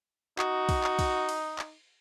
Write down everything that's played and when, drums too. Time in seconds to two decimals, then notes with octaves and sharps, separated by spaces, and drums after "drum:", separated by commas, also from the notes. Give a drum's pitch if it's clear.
0.39 D#4 F#4, drum: clap
0.69 drum: kick, cymbal
0.84 drum: clap
0.99 drum: kick, cymbal
1.29 drum: cymbal
1.59 drum: clap